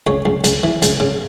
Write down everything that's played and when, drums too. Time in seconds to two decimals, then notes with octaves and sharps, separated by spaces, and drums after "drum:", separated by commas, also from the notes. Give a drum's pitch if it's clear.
0.07 C#2 C#5
0.25 C#2
0.44 C#2, drum: hi-hat
0.63 E3
0.82 C#2, drum: hi-hat
1.00 C#3